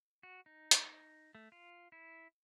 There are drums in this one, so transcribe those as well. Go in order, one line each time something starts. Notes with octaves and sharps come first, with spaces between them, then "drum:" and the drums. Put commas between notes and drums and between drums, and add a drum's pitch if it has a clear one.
F#4
D#4
drum: hi-hat
A3
F4
E4